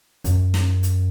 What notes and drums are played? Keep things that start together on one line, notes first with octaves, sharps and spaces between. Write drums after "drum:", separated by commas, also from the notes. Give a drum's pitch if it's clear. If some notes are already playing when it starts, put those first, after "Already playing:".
F#2, drum: kick, hi-hat
drum: snare
drum: hi-hat